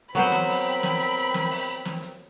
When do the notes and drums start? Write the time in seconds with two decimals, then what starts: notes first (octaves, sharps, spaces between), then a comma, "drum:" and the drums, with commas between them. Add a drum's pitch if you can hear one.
0.15 F#3 B3 C4 A#4 C5 B5, drum: hi-hat
0.32 drum: snare
0.49 drum: open hi-hat
0.83 drum: snare
1.00 drum: hi-hat
1.17 drum: hi-hat
1.34 drum: snare
1.51 drum: open hi-hat
1.85 drum: snare
2.02 drum: hi-hat